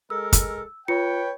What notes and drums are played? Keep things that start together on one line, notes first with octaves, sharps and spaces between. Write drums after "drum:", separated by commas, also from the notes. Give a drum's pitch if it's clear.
G#3 A4 A#4 E6
drum: kick, hi-hat
F4 B4 C#5 G5 C#7